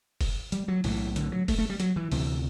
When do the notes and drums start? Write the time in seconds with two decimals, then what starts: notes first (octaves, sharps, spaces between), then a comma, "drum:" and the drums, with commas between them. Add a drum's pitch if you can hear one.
0.21 drum: kick, open hi-hat
0.52 G3, drum: hi-hat
0.68 F#3
0.84 B1 A2 E3, drum: open hi-hat
1.16 D3, drum: hi-hat
1.32 F#3
1.48 A3, drum: kick, open hi-hat
1.58 A3
1.70 G3
1.80 F#3, drum: hi-hat
1.96 E3
2.12 D2 C3 E3, drum: open hi-hat